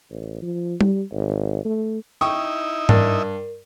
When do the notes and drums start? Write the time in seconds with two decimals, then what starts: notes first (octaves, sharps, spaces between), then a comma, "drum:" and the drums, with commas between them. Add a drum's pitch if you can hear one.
0.10 A1
0.42 F3
0.81 G3, drum: tom G3
1.12 G#1
1.65 A3
2.21 D#4 E4 G5 C#6 D#6
2.89 G2 A#4, drum: tom G#2